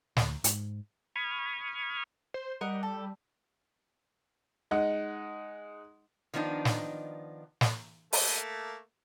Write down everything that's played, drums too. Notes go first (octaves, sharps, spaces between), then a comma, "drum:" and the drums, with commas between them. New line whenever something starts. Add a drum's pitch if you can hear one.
D2, drum: snare
G#2, drum: hi-hat
B5 C#6 D#6 F6 G#6
C5
G3 A#4 D#5 F#5
A4
G#3 D#4 D#5 F#5
D#3 F3 B3 D4 D#4
drum: snare
drum: snare
A3 A#3, drum: open hi-hat